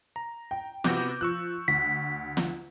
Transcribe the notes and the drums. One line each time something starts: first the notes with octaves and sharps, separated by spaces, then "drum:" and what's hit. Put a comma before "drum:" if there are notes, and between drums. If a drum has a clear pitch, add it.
A#5
G5
C3 B3 F#4 D6 G6 A#6, drum: snare
F3 C#6 E6 F#6
D2 B6
drum: snare